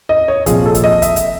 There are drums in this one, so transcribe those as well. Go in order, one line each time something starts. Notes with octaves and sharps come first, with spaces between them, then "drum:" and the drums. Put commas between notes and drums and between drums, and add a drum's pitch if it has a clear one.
D#5
C#5
C2 A#2 F3 G#4, drum: kick, hi-hat
A4
drum: kick, hi-hat
D#5
E5, drum: kick, hi-hat
drum: hi-hat